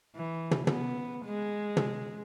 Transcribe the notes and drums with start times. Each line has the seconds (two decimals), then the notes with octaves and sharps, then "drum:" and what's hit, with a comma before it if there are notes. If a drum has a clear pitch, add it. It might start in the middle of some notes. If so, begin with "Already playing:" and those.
0.15 E3
0.51 drum: tom
0.67 B3, drum: tom
1.25 G#3
1.77 drum: tom